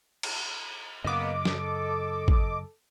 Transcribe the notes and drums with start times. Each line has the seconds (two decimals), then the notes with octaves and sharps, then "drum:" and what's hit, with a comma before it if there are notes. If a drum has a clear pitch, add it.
0.23 drum: cymbal
1.04 F#2 C#3 A#3 B3 D#5 D6
1.45 A4, drum: snare
2.28 drum: kick